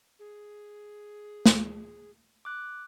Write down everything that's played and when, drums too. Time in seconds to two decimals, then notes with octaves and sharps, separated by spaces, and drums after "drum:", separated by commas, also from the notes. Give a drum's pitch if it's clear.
0.19 G#4
1.46 drum: snare
2.45 D6 F#6